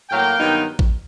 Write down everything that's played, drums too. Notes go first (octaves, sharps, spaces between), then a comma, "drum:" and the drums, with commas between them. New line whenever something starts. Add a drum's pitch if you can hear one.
A2 F#3 A#3 F5 G5
G2 D#3 F#3 B3 D#4
drum: kick A1